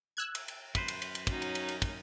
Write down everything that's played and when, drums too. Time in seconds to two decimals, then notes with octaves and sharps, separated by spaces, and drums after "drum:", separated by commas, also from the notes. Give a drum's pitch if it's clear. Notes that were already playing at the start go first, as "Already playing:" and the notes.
0.17 E6 F#6 G#6
0.35 drum: cymbal
0.48 drum: cymbal
0.75 F#2 B4 C5, drum: kick, cymbal
0.88 drum: cymbal
1.02 drum: cymbal
1.15 drum: cymbal
1.27 F#3 C#4 D#4, drum: kick, cymbal
1.42 drum: cymbal
1.55 drum: cymbal
1.69 drum: cymbal
1.82 drum: kick, cymbal